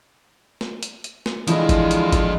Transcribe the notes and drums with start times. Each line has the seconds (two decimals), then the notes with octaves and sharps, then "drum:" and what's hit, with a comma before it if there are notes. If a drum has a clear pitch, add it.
0.61 drum: snare
0.83 drum: hi-hat
1.04 drum: hi-hat
1.26 drum: snare
1.48 D3 E3 F3 G#3 E4 F4 D#5, drum: hi-hat
1.69 drum: kick G#1, hi-hat
1.91 drum: hi-hat
2.12 drum: kick G#1, hi-hat